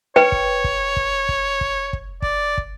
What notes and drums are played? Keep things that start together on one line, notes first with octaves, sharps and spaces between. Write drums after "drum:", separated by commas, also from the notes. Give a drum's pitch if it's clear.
B4 C#5 G5
drum: kick
drum: kick
drum: kick
drum: kick
drum: kick
drum: kick
D5, drum: kick
drum: kick